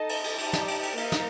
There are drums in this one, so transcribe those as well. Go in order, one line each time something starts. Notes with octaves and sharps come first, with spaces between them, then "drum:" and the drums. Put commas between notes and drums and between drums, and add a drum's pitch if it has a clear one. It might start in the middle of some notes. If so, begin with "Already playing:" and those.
Already playing: D#4 A4 D#5 A5
drum: cymbal
drum: cymbal
D#4 G4 D5 A5, drum: cymbal
drum: snare
drum: cymbal
drum: cymbal
A#3 D#4 A#4 F5, drum: cymbal
drum: snare